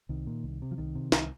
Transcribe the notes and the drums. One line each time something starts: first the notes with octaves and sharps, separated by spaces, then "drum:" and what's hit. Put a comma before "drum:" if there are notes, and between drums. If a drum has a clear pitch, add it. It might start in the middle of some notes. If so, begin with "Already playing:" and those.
C2 D#3
A#2
C2
C3
F3
C2 D#3
C3
C2, drum: snare